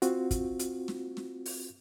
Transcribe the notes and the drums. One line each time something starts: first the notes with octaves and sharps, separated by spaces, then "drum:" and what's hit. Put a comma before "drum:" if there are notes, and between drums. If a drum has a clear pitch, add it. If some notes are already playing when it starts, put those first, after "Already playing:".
C4 F4 F#4, drum: hi-hat
drum: kick, hi-hat
drum: hi-hat
drum: snare
drum: snare
drum: open hi-hat